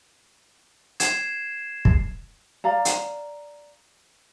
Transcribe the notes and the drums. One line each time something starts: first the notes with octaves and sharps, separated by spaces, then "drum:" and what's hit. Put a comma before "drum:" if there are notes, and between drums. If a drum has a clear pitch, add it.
G#6 C7 E7, drum: hi-hat
drum: kick
D5 F5 A#5
drum: hi-hat